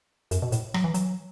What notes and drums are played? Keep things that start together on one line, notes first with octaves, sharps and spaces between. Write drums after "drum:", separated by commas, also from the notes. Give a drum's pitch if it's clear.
F#2, drum: hi-hat
B2
A2, drum: hi-hat
F#3, drum: rim click
E3
F#3, drum: hi-hat